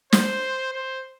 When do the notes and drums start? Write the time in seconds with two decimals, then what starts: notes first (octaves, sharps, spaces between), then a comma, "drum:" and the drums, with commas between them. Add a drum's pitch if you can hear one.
0.13 C5, drum: snare
0.73 C5